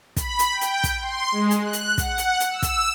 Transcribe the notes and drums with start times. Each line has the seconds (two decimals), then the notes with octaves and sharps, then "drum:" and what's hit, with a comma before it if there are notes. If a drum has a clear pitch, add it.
0.17 B5, drum: kick, hi-hat
0.39 drum: hi-hat
0.51 G5
0.61 drum: hi-hat
0.84 drum: kick, hi-hat
1.01 C6
1.32 G#3
1.51 drum: hi-hat
1.62 F#6
1.73 drum: hi-hat
1.98 F#5, drum: kick, hi-hat
2.18 drum: hi-hat
2.40 drum: hi-hat
2.51 E6
2.62 drum: kick, hi-hat